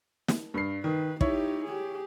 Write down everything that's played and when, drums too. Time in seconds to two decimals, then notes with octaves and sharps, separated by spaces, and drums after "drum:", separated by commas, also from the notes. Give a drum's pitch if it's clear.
0.28 drum: snare
0.54 G2 C7
0.84 D#3 B4
1.21 D#4 E4 G4 C#5, drum: kick
1.65 G4 G#4